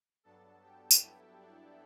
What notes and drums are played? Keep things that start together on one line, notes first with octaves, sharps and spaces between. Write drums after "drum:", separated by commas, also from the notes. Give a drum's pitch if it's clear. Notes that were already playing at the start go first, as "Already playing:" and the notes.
G2 F#3 B3 D4 A4 A5
G4 G5
drum: tambourine
E4 E5
D4 D5